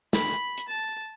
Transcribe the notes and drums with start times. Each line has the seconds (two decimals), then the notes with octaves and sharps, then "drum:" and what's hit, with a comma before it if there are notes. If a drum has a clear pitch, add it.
0.13 B5, drum: snare
0.58 drum: hi-hat
0.68 A5